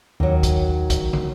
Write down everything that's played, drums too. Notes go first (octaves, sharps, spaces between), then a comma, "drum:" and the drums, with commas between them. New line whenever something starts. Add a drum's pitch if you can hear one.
D#2 D#3 F#3
drum: kick, hi-hat
drum: kick, hi-hat
drum: tom